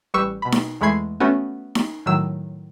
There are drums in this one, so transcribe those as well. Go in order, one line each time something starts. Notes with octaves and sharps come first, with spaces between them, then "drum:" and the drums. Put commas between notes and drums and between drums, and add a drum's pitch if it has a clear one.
A1 G3 B4 C#6 E6
B2 B5
drum: snare D#4
E2 G#3 A3 B5 G#6 C7
A3 B3 C#4 F#4
drum: snare D#4
A2 D#3 F#3 E6